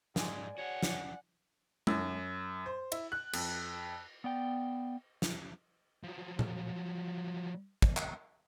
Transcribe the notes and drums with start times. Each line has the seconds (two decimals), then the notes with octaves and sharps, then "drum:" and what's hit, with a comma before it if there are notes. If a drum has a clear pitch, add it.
0.16 G#2 G#3 D5 G#5, drum: snare
0.58 F#4 G#4 C#5 F#5
0.83 drum: snare
1.87 F#2, drum: tom G#3
2.66 C5
2.92 E4, drum: cymbal
3.12 F#6
3.33 F2, drum: cymbal
4.24 B3 D5 G5
5.22 drum: snare
6.03 F3 F#3
6.39 drum: tom A#2
7.82 drum: kick
7.97 drum: clap